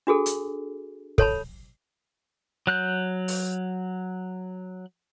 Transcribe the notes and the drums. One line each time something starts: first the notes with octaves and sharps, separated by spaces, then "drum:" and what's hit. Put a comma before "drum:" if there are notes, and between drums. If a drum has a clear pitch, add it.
D4 F#4 G#4 A4
drum: hi-hat
A4 C#5 A5 B5, drum: kick
F#3 F#6 G6
drum: open hi-hat